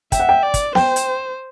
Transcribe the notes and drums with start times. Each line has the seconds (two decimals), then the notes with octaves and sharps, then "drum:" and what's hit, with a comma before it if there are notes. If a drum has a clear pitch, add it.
0.12 E5 G5, drum: kick, hi-hat
0.20 F#5
0.29 G5
0.43 D5
0.54 drum: kick, hi-hat
0.75 C5 G5, drum: snare B3
0.96 drum: hi-hat